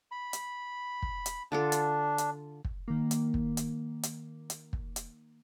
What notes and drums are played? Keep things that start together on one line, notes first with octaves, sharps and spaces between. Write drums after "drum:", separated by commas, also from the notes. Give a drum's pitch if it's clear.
B5
drum: hi-hat
drum: kick
drum: hi-hat
D3 D4 F4 A4
drum: hi-hat
drum: hi-hat
drum: kick
D#3 A#3
drum: hi-hat
drum: kick
drum: hi-hat
drum: hi-hat
drum: hi-hat
drum: kick
drum: hi-hat